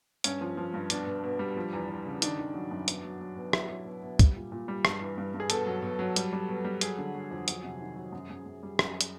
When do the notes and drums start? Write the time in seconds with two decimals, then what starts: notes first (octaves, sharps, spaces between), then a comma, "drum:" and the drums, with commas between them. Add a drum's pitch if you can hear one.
0.24 G2 C#4, drum: hi-hat
0.41 F3
0.57 F3
0.74 G2
0.90 B2 D4, drum: hi-hat
1.07 B2
1.24 B2
1.39 G3
1.57 F3
1.73 E2
1.89 E2
2.05 C#3
2.22 D#3 D4, drum: hi-hat
2.39 D#3
2.54 F#3
2.71 F#2
2.88 B2, drum: hi-hat
3.04 F#3
3.20 F#3
3.36 B2
3.53 F#3 E4, drum: rim click
3.70 F#3
3.85 B2
4.02 B2
4.19 G3, drum: kick, hi-hat
4.36 A#2
4.52 A#2
4.68 G3
4.85 G2, drum: rim click
5.01 E3
5.18 G2
5.34 G2
5.40 G#4
5.50 B2 A4, drum: hi-hat
5.66 F#3
5.82 B2
5.99 F#3
6.16 G3, drum: hi-hat
6.33 G3
6.49 B2
6.65 G3
6.81 F#3 G#4, drum: hi-hat
6.98 D3
7.14 F#3
7.31 F2
7.48 F#3, drum: hi-hat
7.64 C3
7.81 D#3
7.96 F#3
8.12 F#2
8.30 F#2
8.46 F#2
8.63 G3
8.79 F#2, drum: rim click
9.01 drum: hi-hat